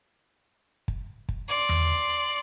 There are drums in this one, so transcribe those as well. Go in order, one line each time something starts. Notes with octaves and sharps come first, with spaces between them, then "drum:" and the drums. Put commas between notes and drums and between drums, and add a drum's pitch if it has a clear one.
drum: kick
drum: kick
D5 C6
drum: tom E2